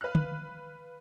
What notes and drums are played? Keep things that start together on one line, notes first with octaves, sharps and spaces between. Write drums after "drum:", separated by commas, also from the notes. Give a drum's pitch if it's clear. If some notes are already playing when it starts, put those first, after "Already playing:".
B4 F5 F6 F#6
drum: tom